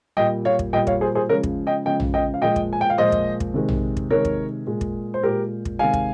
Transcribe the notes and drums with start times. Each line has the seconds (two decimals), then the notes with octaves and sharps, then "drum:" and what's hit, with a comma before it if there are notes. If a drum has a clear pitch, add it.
0.17 A#2 G3 D#5 G5
0.45 C#5 F5
0.59 drum: kick
0.73 A#2 G3 D#5 G5
0.87 C#5 F5, drum: kick
1.01 G#4 C5
1.15 G#4 C5
1.29 C#3 F3 G#3 A#4 C#5
1.44 drum: kick
1.67 D#5 G5
1.86 C#3 F3 G#3 D#5 G5
2.00 drum: tom A#1
2.14 D#5 G5
2.34 F5
2.42 A#2 F3 G#3 D#5 G5
2.56 drum: kick
2.73 G#5
2.81 G5
2.90 F5
2.98 A#2 F3 G#3 C5 D#5
3.12 drum: kick
3.40 drum: kick
3.54 C3 D#3 G#3
3.69 drum: tom A#1
3.97 drum: kick
4.10 C3 D#3 G#3 A#4 C#5
4.25 drum: kick
4.67 A#2 G#3
4.81 drum: kick
5.14 C5
5.23 A#2 G#3 G4 A#4
5.65 drum: kick
5.79 C3 D#3 G#3 F5 G#5
5.94 drum: kick